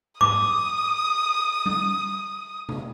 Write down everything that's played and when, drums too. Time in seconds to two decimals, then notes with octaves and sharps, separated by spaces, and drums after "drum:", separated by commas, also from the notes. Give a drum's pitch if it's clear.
0.21 D6 D#6, drum: tom G#2
1.66 drum: tom G3
2.69 drum: tom B2